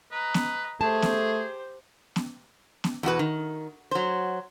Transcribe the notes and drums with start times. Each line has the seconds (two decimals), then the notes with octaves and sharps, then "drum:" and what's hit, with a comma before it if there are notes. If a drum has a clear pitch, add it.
0.12 B4 D#5 A#5
0.34 drum: snare B3
0.81 A3 G4 G#4 C5 A5
1.02 drum: snare B3
2.16 drum: snare B3
2.84 drum: snare B3
3.03 E2 B2 F#4 B4
3.19 D#3
3.91 F#3 C5